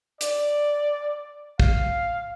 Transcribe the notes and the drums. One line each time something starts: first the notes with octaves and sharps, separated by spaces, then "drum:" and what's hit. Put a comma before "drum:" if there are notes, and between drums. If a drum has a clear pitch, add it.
D5, drum: hi-hat
F5, drum: kick A#1